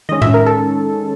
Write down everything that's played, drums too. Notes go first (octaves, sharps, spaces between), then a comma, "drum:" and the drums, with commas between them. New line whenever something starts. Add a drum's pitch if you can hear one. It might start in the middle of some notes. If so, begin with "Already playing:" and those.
D#3 G#3 C#4 D#5
E5, drum: tom A2
A#4
A4